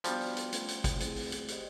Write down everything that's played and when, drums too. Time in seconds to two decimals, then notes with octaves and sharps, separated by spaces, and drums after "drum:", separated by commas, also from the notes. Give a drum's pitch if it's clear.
0.04 F3 G3 B3 D4 F#4, drum: hi-hat
0.21 drum: open hi-hat
0.37 drum: hi-hat
0.52 A3 C#4 F4, drum: hi-hat
0.68 drum: hi-hat
0.84 drum: kick, hi-hat
1.00 A3 C4 E4 G#4 C5, drum: hi-hat
1.16 drum: open hi-hat
1.32 drum: hi-hat
1.48 G4 C5 D#5, drum: hi-hat